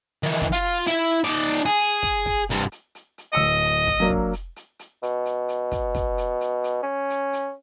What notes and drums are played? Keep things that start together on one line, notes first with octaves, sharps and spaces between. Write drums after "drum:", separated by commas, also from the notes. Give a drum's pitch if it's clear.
D#3 E3
drum: kick, hi-hat
F4
drum: hi-hat
E4 E5, drum: hi-hat
drum: hi-hat
D#4 D5
drum: hi-hat
G#4
drum: hi-hat
drum: kick, hi-hat
drum: kick, hi-hat
G2 C3, drum: hi-hat
drum: hi-hat
drum: hi-hat
drum: hi-hat
D1 D#5 E6 C#7
drum: hi-hat
drum: kick, hi-hat
F#3 A#3 D4
drum: kick
drum: hi-hat
drum: hi-hat
drum: hi-hat
B2, drum: hi-hat
drum: hi-hat
drum: hi-hat
drum: kick, hi-hat
drum: kick, hi-hat
drum: hi-hat
drum: hi-hat
drum: hi-hat
C#4
drum: hi-hat
drum: hi-hat